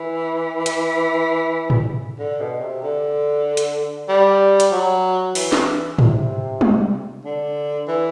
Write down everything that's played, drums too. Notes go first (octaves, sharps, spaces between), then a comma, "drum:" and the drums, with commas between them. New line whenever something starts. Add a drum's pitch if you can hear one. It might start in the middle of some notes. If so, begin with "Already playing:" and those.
Already playing: E3
drum: hi-hat
drum: tom G#2
D3
B2
C3
D3
drum: hi-hat
G3
drum: hi-hat
F#3
E3, drum: open hi-hat
drum: snare
C3, drum: tom G#2
drum: tom G3
D3
E3